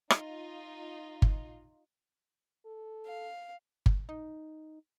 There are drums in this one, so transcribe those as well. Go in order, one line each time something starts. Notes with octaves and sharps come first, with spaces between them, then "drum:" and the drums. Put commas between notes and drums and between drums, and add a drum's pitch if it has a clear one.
D#4 F4, drum: rim click
drum: kick G1
A4
F5
drum: kick G1
D#4